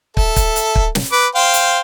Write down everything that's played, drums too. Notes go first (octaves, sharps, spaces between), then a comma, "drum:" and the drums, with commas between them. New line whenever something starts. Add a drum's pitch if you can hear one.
A4 E5, drum: kick
drum: kick, hi-hat
drum: hi-hat
drum: kick
drum: snare
B4 D6
C5 F5 G5
drum: hi-hat